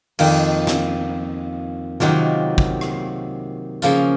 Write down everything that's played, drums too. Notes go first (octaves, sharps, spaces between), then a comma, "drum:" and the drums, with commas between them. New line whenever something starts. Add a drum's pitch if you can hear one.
F2 D#3 A#3 F4, drum: cymbal
drum: snare
C3 D#3 F#3 A#3 F4, drum: snare
drum: kick
drum: rim click
C#3 F3 A#3 F4, drum: tambourine